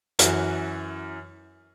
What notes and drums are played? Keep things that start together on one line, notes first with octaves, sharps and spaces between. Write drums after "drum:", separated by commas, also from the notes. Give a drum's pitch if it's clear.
F#2 E3 F#4, drum: hi-hat